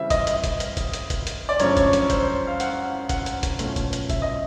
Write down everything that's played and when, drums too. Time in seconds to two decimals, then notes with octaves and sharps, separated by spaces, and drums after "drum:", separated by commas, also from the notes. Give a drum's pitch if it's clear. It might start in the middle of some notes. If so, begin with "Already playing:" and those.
Already playing: C#3 E3 G3 C4 E5
0.10 D#5, drum: kick G1, hi-hat
0.27 drum: hi-hat
0.44 drum: kick G1, hi-hat
0.60 drum: hi-hat
0.77 drum: kick G1, hi-hat
0.93 drum: hi-hat
1.10 drum: kick G1, hi-hat
1.27 drum: hi-hat
1.49 D5
1.60 F#2 C#3 F3 A3 D4 C#5, drum: hi-hat
1.77 C#5, drum: kick G1, hi-hat
1.93 C#5, drum: hi-hat
2.10 C5, drum: kick G1, hi-hat
2.22 C5
2.47 F5
2.60 F#5, drum: hi-hat
2.85 F5
3.09 F#5, drum: kick G1, hi-hat
3.26 drum: hi-hat
3.43 drum: kick G1, hi-hat
3.59 B2 F#3 A3 C#4 F4, drum: hi-hat
3.76 drum: kick G1, hi-hat
3.93 drum: hi-hat
4.10 E5, drum: kick G1, hi-hat
4.22 D#5